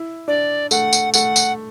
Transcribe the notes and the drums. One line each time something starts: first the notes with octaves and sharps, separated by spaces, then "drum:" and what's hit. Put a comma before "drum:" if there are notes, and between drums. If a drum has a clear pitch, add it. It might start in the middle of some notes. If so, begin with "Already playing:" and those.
Already playing: E4
D4 D5
A3 F#5, drum: tambourine
drum: tambourine
A3 F#5, drum: tambourine
drum: tambourine